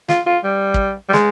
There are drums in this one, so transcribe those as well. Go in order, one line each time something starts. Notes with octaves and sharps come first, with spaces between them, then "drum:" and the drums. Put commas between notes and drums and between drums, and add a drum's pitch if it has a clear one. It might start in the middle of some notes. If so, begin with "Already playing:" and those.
F4, drum: snare
F4
G3
drum: kick
G3
G#3, drum: snare